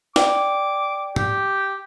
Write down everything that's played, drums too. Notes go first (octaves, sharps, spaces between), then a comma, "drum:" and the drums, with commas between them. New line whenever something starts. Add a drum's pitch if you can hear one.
D5 G5 D6, drum: snare
G4, drum: tom G#2